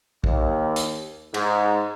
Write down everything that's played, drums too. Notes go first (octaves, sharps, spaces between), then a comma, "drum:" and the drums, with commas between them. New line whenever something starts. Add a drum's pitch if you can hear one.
D#2, drum: kick
drum: hi-hat
G#2, drum: cymbal